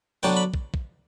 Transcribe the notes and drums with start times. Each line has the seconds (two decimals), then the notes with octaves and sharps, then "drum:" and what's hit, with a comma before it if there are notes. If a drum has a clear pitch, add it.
0.23 D3 F#3 B3 D4 G5
0.36 B5
0.54 drum: kick
0.74 drum: kick